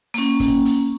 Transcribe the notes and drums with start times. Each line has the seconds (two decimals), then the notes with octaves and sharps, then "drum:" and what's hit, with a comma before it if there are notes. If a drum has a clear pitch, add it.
0.14 A#3 C#4, drum: hi-hat
0.40 drum: kick, hi-hat
0.65 drum: hi-hat